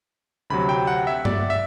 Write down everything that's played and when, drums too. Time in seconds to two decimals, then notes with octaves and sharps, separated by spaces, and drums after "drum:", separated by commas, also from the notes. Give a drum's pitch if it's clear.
0.50 D2 C3 F#3 B5
0.69 G5
0.87 F#5
1.07 E5
1.25 D5, drum: tom G2
1.50 E5